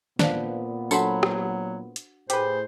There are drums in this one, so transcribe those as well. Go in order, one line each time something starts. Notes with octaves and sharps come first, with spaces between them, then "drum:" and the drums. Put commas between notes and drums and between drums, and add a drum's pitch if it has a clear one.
A#2 B3 D4 C5 F5, drum: snare
F#3 D4 F#4 A4 C5 F#5 B5, drum: tambourine
drum: rim click
drum: hi-hat
A2 G4 G#4 B4 C5, drum: hi-hat